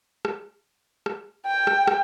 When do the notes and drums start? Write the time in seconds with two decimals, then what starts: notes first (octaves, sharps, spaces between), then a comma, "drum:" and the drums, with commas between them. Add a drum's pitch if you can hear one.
0.25 drum: rim click
1.06 drum: rim click
1.47 G5
1.67 drum: rim click
1.87 drum: rim click